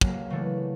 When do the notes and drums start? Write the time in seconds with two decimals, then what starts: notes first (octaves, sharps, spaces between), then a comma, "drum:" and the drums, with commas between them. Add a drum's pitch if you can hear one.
0.01 C#3 F#3 A#3, drum: kick
0.30 C#3 E3 A3 D4